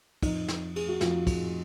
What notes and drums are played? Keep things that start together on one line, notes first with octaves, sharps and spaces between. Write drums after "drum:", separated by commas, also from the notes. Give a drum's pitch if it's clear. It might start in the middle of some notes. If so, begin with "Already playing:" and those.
F2 F3 D#4, drum: kick, cymbal
drum: snare
G#4, drum: cymbal
F#4
F2 F3 F4, drum: snare
drum: kick, cymbal